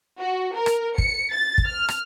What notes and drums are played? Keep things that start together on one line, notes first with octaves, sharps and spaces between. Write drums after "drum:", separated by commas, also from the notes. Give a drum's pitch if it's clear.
F#4
A#4
drum: rim click
C#7, drum: kick
A6
drum: kick
F6
drum: rim click